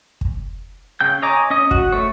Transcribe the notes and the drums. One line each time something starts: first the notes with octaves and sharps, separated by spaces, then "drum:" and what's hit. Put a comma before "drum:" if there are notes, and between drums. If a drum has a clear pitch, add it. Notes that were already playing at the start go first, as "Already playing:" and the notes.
drum: kick
C#3 G5 G6
C#5 D#5 G#5 A#5 D6
C#4 D#5
F#4, drum: kick
A3 C#5